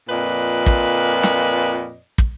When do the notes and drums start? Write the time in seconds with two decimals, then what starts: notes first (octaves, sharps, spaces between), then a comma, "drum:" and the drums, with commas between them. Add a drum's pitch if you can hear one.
0.09 F2 A#2 B4 D5 D#5
0.66 drum: kick
1.23 drum: snare
2.18 drum: kick